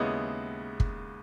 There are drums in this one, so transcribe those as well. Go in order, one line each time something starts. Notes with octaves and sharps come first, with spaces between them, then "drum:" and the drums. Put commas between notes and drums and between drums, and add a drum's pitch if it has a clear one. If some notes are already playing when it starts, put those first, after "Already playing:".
Already playing: D#2 C#3 G#3 B3 E4 D#5
drum: kick